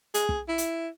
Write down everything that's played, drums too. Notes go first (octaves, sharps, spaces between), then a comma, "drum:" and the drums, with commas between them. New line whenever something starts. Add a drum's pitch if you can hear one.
G#4, drum: hi-hat
drum: kick
E4
drum: hi-hat